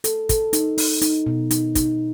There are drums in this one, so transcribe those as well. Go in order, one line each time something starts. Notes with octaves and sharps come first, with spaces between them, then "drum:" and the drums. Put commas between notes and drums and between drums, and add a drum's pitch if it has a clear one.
A4, drum: hi-hat
A4, drum: kick, hi-hat
D#4, drum: hi-hat
D#4, drum: open hi-hat
D#4, drum: hi-hat
B2
D#4, drum: hi-hat
D#4, drum: kick, hi-hat